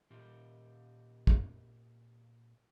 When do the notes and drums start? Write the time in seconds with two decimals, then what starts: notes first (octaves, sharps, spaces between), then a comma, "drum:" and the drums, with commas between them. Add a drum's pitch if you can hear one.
0.10 A#2 G4
1.27 drum: kick